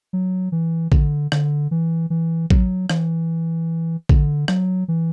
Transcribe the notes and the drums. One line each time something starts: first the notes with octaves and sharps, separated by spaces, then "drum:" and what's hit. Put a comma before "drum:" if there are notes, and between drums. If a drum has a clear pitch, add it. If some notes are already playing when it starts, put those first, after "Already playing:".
F#3
E3
D3, drum: kick A1
D3, drum: rim click
E3
E3
F#3, drum: kick A1
E3, drum: rim click
D3, drum: kick A1
F#3, drum: rim click
E3